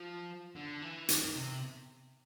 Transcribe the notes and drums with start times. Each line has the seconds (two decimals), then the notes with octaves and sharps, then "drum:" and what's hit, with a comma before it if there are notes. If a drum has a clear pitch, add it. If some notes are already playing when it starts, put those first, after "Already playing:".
Already playing: F3
0.55 D3
0.82 E3
1.09 D#3, drum: hi-hat
1.36 C3